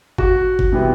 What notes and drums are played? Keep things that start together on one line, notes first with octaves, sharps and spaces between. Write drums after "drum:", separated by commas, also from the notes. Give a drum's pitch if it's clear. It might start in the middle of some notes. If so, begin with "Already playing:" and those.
F#4, drum: kick G1
drum: kick G1
C3 E3 G3 B3